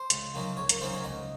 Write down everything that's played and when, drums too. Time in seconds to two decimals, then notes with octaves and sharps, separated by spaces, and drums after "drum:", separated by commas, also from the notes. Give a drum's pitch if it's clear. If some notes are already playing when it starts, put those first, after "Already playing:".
Already playing: C5
0.10 C#2, drum: hi-hat
0.34 C#3 F#3 A#3 D#4
0.57 C#2 C#5
0.69 A#4, drum: hi-hat
0.81 C#3 F#3 A#3 D#4 C5
0.93 C#5
1.04 C#2 D#5